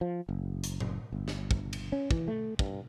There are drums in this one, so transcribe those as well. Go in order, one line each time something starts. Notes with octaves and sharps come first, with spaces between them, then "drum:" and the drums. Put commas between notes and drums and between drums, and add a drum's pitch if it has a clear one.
F3
F#1
drum: hi-hat
drum: tom A2
G1
drum: snare
drum: kick
drum: cymbal
C#4
E3, drum: kick
A3
G2, drum: kick